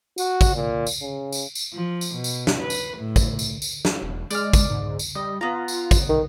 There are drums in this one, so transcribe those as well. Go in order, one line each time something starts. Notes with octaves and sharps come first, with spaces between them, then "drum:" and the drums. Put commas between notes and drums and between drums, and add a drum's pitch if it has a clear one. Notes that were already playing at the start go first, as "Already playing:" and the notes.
F#4, drum: tambourine
drum: kick, tambourine
A#2
drum: tambourine
C#3
drum: tambourine
drum: tambourine
F3
drum: tambourine
B2
drum: tambourine
drum: snare
B4
drum: tambourine
A2
drum: kick, tambourine
drum: tambourine
drum: tambourine
drum: snare
E1
G#3 D5 F6, drum: tambourine
drum: kick, tambourine
G#2
drum: tambourine
G3 D#5
B3 F4 A#5
drum: tambourine
drum: kick, tambourine
B1 D#3